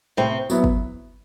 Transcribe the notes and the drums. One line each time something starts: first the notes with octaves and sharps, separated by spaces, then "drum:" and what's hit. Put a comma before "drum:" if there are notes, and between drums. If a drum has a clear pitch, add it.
A2 C3 C4
F#3 B3 E4, drum: tambourine
drum: kick